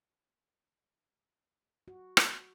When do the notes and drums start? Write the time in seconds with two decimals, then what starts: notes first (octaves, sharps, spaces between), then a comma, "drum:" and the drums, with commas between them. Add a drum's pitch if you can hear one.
1.88 F#4
2.17 drum: rim click